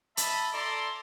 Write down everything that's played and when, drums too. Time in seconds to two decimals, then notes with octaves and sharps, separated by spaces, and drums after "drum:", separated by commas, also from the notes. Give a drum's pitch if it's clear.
0.17 D#5 E5 A5 B5, drum: hi-hat
0.53 E4 A4 D5 A#5 C6 D6